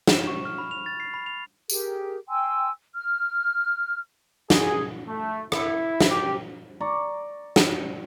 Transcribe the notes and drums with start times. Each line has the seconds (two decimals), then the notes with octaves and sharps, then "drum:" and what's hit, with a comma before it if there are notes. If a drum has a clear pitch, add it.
0.07 E7, drum: snare
0.27 C#6
0.45 F6
0.58 B5
0.71 F7
0.86 A6
1.00 C7
1.14 B5
1.26 F7
1.70 G4 G#4 A#4, drum: tambourine
2.29 G5 G#5 C6 E6
2.95 F6
4.50 G#4, drum: snare
5.08 A3
5.52 E4, drum: rim click
6.00 drum: snare
6.10 G4
6.80 D5 A#5 C#6
7.56 drum: snare